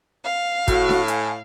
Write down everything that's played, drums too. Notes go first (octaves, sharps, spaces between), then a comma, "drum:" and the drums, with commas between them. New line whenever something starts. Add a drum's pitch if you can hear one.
F5
A2 F#4, drum: kick, hi-hat
drum: snare D4
G#5, drum: hi-hat